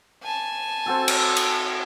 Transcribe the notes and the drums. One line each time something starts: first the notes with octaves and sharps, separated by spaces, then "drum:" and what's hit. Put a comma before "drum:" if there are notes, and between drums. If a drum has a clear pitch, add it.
G#5 A5
C4 F#4 A4
drum: cymbal
drum: cymbal